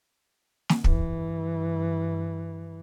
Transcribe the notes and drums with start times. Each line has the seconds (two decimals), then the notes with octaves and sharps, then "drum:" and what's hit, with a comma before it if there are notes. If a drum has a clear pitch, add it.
0.69 drum: snare
0.84 G2 E3, drum: kick